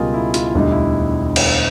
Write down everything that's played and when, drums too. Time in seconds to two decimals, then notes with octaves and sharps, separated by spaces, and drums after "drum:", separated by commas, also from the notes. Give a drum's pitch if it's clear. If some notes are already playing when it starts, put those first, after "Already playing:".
Already playing: C#2 B2 G3 D#4 F4 G#4 A#4
0.14 E4
0.34 F4, drum: hi-hat
0.47 E4
0.54 E1 D2 D3 G3 D#4
0.72 E4
1.36 drum: cymbal